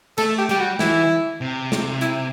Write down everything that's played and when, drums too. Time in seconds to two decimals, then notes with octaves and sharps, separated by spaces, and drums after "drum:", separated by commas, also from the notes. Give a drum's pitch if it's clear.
0.18 A3 A4, drum: cymbal
0.38 G4
0.49 G3 G4, drum: hi-hat
0.59 F#4
0.79 E3 E4, drum: snare
1.41 C3
1.72 drum: snare
2.01 E4, drum: hi-hat